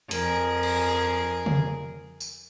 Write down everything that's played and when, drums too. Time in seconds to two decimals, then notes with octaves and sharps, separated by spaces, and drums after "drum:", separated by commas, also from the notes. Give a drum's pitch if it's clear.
0.11 F2 G#4 A#4, drum: hi-hat
0.63 drum: cymbal
1.46 drum: tom
2.20 drum: tambourine